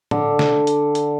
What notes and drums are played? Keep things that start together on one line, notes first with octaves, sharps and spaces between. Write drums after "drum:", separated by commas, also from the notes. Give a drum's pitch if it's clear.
D3, drum: tom
drum: snare
drum: hi-hat
drum: hi-hat